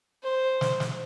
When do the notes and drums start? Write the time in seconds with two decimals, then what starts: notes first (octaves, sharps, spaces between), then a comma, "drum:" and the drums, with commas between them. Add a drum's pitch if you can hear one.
0.24 C5
0.61 drum: snare
0.80 drum: snare